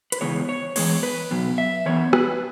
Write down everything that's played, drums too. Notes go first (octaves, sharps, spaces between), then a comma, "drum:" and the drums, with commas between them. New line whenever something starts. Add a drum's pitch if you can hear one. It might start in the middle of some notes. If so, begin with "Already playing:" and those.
B4, drum: hi-hat
C#3 E3 G#3 B3 C#5
C#5
E3 G#3 B3 C#5, drum: cymbal
B4
B2 F#3 B3
E5
E3 B3 C#5
B4, drum: rim click